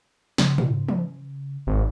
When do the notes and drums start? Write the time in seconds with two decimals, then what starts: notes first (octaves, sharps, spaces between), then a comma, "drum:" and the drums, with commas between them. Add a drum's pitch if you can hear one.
0.38 C#3, drum: snare
0.58 drum: tom
0.89 drum: tom
1.67 G#1